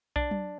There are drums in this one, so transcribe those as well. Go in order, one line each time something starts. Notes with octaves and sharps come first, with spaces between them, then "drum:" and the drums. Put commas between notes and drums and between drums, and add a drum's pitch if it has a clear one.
D4, drum: kick B1
drum: tom F#3